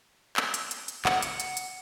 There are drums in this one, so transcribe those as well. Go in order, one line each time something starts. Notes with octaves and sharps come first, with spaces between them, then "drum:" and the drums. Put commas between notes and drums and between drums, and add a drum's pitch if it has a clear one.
drum: clap
drum: hi-hat
drum: hi-hat
drum: hi-hat
F#5, drum: clap
drum: hi-hat
drum: hi-hat
drum: hi-hat